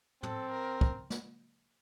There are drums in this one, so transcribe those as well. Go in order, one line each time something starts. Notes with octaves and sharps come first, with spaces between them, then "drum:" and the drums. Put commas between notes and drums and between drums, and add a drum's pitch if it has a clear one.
C4 A4, drum: tom
A#4
drum: kick
drum: snare